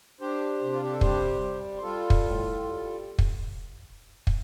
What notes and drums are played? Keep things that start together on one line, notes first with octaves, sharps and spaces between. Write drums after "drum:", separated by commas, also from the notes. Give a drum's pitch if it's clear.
D4 G4 C5
C3
F4
G4
A4
G3 G4 C5, drum: kick
G3
C5
G3 F4 A4
drum: kick
A2
G3
drum: kick
drum: kick